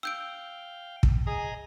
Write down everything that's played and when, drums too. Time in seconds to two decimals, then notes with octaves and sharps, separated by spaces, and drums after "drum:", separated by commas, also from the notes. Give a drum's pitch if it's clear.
0.03 F5 G5 E6 G6 D7
1.03 drum: kick
1.27 G#4 D#5 A#5